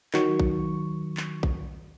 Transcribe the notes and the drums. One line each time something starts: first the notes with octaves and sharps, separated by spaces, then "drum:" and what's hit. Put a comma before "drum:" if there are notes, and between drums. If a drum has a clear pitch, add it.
D#3 F#3 C#6, drum: clap
drum: kick A#1
drum: clap
drum: kick A#1